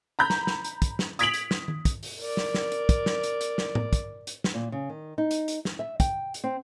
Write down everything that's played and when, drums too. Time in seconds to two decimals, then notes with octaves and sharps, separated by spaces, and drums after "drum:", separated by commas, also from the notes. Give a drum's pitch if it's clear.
0.19 A#5 B5 G6
0.30 drum: snare
0.47 drum: snare
0.65 drum: hi-hat
0.82 drum: kick, hi-hat
0.99 drum: snare
1.19 D#6 G#6 B6 D7 F7 F#7, drum: hi-hat
1.34 drum: hi-hat
1.51 drum: snare
1.68 drum: tom D#3
1.85 drum: kick, hi-hat
2.03 drum: open hi-hat
2.20 A#4 D5
2.37 drum: snare
2.54 drum: snare
2.72 drum: hi-hat
2.89 drum: kick, hi-hat
3.06 drum: snare
3.24 drum: hi-hat
3.41 drum: hi-hat
3.58 drum: snare
3.75 drum: tom A2
3.93 drum: kick, hi-hat
4.27 drum: hi-hat
4.44 drum: snare
4.54 A#2
4.72 C#3
4.90 D#3
5.18 D#4
5.31 drum: hi-hat
5.48 drum: hi-hat
5.65 drum: snare
5.79 E5
6.00 G5, drum: kick, hi-hat
6.34 drum: hi-hat
6.44 C4